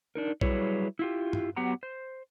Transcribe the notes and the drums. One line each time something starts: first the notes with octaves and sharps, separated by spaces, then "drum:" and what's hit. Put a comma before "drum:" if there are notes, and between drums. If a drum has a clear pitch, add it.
D4 D#4 A#4
F#3 G3 E4 G#4 B4 C#5, drum: kick
E4 F4 G4
drum: tom
F#3 B3 G4 F#5 A#5
C5